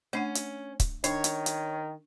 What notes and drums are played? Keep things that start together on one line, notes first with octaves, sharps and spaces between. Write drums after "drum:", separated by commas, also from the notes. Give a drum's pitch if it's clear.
A3 C#4 D4 F#5
drum: hi-hat
drum: kick C#1, hi-hat
D#3 D4 C#5, drum: hi-hat
drum: hi-hat
drum: hi-hat